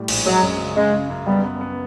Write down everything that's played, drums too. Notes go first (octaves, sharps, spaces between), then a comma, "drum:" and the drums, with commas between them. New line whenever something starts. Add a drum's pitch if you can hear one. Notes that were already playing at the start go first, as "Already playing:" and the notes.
Already playing: A2 G3
A#1, drum: cymbal
F#3 G#3
F#2
C#3
C#3 G#3
C#3
F#2
G3 B3
B3
B3